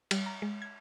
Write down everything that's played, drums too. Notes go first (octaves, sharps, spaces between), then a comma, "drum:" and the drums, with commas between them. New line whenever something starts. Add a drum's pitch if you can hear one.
G3, drum: cymbal
A#5
G#3
G#6